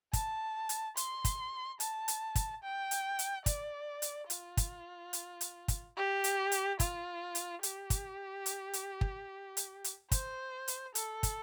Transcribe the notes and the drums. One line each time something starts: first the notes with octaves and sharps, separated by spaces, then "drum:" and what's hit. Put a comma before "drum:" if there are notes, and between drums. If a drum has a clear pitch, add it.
A5, drum: kick, hi-hat
drum: hi-hat
C6, drum: hi-hat
drum: kick, hi-hat
A5, drum: hi-hat
drum: hi-hat
drum: kick, hi-hat
G5
drum: hi-hat
drum: hi-hat
D5, drum: kick, hi-hat
drum: hi-hat
F4, drum: hi-hat
drum: kick, hi-hat
drum: hi-hat
drum: hi-hat
drum: kick, hi-hat
G4
drum: hi-hat
drum: hi-hat
F4, drum: kick, hi-hat
drum: hi-hat
G4, drum: hi-hat
drum: kick, hi-hat
drum: hi-hat
drum: hi-hat
drum: kick
drum: hi-hat
drum: hi-hat
C5, drum: kick, hi-hat
drum: hi-hat
A4, drum: hi-hat
drum: kick, hi-hat